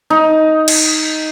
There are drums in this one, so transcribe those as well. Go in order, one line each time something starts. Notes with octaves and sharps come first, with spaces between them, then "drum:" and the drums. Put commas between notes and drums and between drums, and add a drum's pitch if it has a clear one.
D#4
drum: cymbal